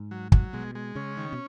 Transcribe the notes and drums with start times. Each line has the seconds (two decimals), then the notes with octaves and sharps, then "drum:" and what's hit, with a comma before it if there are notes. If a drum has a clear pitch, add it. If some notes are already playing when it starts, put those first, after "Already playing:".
Already playing: G#2
0.11 F#3
0.32 F#3, drum: kick
0.53 B2 G#3
0.75 G#3
0.96 C#3 C#4
1.17 D#3
1.33 B2